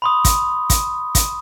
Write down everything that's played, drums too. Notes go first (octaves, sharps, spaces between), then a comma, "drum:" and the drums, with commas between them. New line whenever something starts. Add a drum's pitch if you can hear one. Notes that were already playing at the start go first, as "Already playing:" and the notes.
B5 C6 D#6
drum: kick, hi-hat
drum: kick, hi-hat
drum: kick, hi-hat